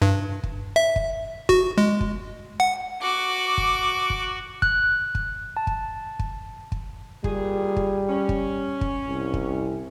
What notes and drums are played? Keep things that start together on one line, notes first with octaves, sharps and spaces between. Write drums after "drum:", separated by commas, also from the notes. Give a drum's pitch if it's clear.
G2
drum: kick
E5
drum: kick
F#4, drum: kick
G#3
drum: kick
F#5
F#4 D6
drum: kick
drum: kick
F#6, drum: kick
drum: kick
A5
drum: kick
drum: kick
drum: kick
A#2 D#3 G3 G#4, drum: kick
drum: kick
C#4
drum: kick
drum: kick
C2
drum: kick